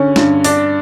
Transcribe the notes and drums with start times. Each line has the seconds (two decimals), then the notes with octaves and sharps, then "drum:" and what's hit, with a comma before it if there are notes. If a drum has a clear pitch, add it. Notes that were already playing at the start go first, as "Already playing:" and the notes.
Already playing: D3 C#4
0.16 G2, drum: snare
0.44 D4, drum: open hi-hat